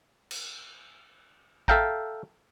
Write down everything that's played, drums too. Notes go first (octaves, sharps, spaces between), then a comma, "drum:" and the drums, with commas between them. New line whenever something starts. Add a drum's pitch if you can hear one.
drum: cymbal
A4 E5 F5 G5 A#5, drum: kick A1